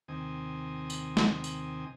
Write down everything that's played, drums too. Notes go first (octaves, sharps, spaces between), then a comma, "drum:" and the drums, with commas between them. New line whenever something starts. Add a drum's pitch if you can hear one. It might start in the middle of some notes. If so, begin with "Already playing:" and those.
D#2 C3 D#3 C4 G#5 D#6
drum: tambourine
drum: snare
drum: tambourine